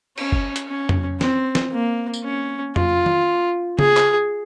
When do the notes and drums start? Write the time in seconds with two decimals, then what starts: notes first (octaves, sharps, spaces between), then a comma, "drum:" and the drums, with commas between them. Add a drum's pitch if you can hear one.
0.18 C#4, drum: cymbal
0.32 drum: kick
0.56 drum: hi-hat
0.69 C#4
0.89 drum: tom F2
1.21 C4, drum: snare
1.55 drum: snare
1.72 A#3
2.14 drum: tambourine
2.24 C#4
2.76 F4, drum: tom F2
3.06 drum: tom
3.79 G#4, drum: tom C#3
3.97 drum: clap